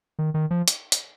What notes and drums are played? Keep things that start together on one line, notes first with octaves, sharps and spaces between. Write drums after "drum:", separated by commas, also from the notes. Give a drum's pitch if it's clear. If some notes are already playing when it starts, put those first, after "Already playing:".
D#3
D#3
F3
drum: hi-hat
drum: hi-hat